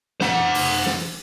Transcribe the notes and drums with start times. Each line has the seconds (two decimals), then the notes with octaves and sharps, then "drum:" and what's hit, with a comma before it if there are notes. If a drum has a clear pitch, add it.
0.20 C5 F#5, drum: snare
0.54 drum: open hi-hat
0.86 drum: snare